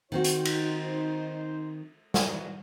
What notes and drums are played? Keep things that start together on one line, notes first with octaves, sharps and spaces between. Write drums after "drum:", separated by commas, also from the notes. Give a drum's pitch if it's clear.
D#3 C4 D#4 F#4 C5
drum: hi-hat
drum: cymbal
D#3 E3 F#3, drum: snare